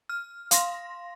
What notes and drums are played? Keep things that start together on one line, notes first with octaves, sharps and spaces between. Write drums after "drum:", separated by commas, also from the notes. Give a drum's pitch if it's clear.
F6
F5 C6 A#6, drum: hi-hat